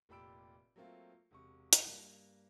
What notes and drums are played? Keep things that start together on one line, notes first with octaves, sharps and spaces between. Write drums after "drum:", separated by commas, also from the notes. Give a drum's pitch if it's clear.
F1 A#2 G4 B5 E6 D7
F#3 A3 A#3 C4 F4
E1 C3 C#6
drum: hi-hat
G2 A#3